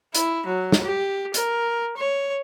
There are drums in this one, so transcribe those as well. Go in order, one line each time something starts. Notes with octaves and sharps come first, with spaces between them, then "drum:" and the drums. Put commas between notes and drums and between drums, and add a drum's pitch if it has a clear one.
E4, drum: hi-hat
F#3
drum: snare
G4
A#4, drum: hi-hat
C#5